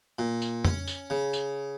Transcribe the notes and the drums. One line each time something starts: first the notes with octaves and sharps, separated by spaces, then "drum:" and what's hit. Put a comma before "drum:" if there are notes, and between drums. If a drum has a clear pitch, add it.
A#2
drum: tambourine
C#4, drum: tom
drum: tambourine
C#3
drum: tambourine